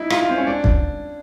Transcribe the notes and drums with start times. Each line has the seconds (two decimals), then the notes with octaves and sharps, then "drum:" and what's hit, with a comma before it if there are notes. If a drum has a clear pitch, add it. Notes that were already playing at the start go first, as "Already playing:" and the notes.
Already playing: D#4 E4
0.10 F4, drum: rim click
0.20 F4
0.29 C4
0.37 C#4
0.47 D4
0.64 drum: kick